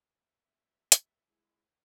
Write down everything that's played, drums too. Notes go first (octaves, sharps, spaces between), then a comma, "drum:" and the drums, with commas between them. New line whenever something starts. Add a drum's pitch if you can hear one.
A#3 B4 E5
drum: hi-hat
G#3 E4